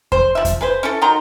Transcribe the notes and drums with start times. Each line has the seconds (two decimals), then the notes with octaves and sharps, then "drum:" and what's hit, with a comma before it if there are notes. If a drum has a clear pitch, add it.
0.12 C5, drum: kick E2
0.35 F3 E5
0.45 drum: kick E2, hi-hat
0.61 G#4 B4 C5
0.83 C#4 E4 A4
1.01 D#3 F#3 A#5 C6